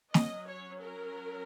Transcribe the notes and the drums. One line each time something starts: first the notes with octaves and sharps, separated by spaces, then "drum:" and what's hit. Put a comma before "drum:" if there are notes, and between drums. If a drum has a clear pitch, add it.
F#3 C#4 D#5, drum: snare
C#5
A#4